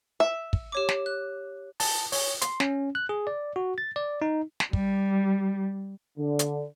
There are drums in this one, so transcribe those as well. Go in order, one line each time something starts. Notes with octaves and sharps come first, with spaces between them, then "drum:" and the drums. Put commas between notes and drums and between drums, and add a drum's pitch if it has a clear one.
E5
drum: kick
G4 C#5 D6
drum: snare
F#6
A5, drum: open hi-hat
C#5, drum: open hi-hat
C6, drum: hi-hat
C#4, drum: snare
F#6
G#4
D5
F#4
A6
D5
D#4
drum: snare
G3, drum: kick
D3
drum: hi-hat